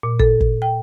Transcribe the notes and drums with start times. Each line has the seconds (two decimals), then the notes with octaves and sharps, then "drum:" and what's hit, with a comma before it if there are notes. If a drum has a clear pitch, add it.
0.03 A#2
0.19 A4, drum: kick
0.41 drum: kick
0.62 G5